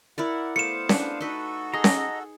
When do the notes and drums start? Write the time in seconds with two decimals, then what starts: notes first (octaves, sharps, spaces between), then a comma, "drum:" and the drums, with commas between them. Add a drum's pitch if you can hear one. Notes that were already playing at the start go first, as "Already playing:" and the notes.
0.18 E4 A#4 D5 F#5
0.56 A3 B3 C5 F5 C#7 E7
0.89 D4 B4, drum: snare C#4
1.21 D#4 F#4 A4 B4
1.74 G#4 D#5 A#5
1.84 drum: snare C#4